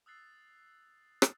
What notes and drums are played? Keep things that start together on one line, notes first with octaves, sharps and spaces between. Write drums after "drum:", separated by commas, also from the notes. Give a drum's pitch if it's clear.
D#6 E6 F#6 A6 C7
drum: rim click